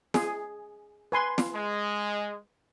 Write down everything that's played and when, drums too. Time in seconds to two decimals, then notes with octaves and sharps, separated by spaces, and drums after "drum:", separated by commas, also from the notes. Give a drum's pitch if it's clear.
0.14 G#4, drum: snare
1.12 B4 G#5 C6
1.38 drum: snare
1.55 G#3